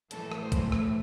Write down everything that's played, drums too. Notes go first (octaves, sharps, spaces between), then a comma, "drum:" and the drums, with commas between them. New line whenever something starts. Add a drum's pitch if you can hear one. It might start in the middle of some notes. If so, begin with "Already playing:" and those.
A2 E3 A3 A4, drum: hi-hat
drum: rim click
C5
drum: kick, hi-hat
drum: rim click